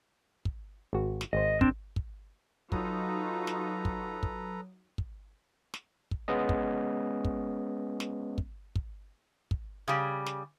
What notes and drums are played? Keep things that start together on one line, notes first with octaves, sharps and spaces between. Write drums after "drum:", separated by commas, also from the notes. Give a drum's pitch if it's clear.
drum: kick
G#1 F#4
drum: snare
G#1 C5 D#5
C4 D4, drum: kick
drum: kick
F#3 D#4 F4 F#4 A4 B4 A#5 D#6, drum: kick
drum: snare
drum: kick
drum: kick
drum: kick
drum: snare
drum: kick
G#3 B3 C#4 D#5
drum: kick
drum: kick
drum: snare
drum: kick
drum: kick
drum: kick
C#3 G3
drum: snare